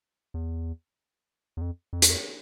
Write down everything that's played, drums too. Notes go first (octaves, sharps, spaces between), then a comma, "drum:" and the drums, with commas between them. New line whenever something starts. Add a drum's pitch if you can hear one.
E2
E2
F2
F2
E2, drum: hi-hat
F2